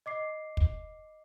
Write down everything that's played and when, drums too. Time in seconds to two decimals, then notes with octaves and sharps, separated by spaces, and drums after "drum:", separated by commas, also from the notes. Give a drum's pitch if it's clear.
0.06 D#5 D6 C7
0.57 drum: kick